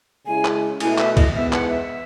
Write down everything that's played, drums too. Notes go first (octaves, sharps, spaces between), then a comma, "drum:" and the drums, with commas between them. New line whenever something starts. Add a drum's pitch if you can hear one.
C#3 G#3 C#4 E4 G#5
drum: clap
B2 A3 E4 G#5, drum: cymbal
E5, drum: clap
D#5, drum: kick, cymbal
G#2 E3 B3 E5
F#5, drum: clap
E5